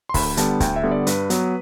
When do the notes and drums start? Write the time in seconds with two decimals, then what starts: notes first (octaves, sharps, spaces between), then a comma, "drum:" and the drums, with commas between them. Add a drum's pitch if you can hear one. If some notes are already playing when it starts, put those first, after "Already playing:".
0.09 C6
0.14 D2 B5, drum: kick C#1, open hi-hat
0.37 D3 G3 B3 A5, drum: hi-hat
0.60 D2 G5, drum: kick C#1, hi-hat
0.76 E5
0.83 D3 G3 B3
0.91 D5
1.07 G2 B4, drum: hi-hat
1.30 F#3 B3, drum: hi-hat